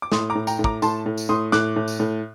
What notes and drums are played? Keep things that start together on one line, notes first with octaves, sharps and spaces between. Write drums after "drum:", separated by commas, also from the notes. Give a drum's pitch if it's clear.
D6
A2 C6 D#6, drum: snare
A#5 D6
A2
G5 A#5, drum: tambourine
A2
A#5 D6, drum: kick
A2 A5 C6, drum: tambourine
A2
drum: tambourine
A2 C6 D#6
A2 D6 F#6, drum: snare
A2
drum: tambourine
A2